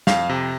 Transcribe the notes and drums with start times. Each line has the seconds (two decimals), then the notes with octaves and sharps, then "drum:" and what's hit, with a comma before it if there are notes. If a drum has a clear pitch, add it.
0.07 F2 F5, drum: snare
0.29 C3